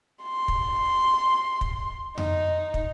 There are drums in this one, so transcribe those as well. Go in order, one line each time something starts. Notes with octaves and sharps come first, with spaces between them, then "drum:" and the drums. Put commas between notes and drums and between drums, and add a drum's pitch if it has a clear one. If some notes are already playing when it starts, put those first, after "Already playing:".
C6
drum: kick
drum: kick
D#4, drum: tom F2
drum: kick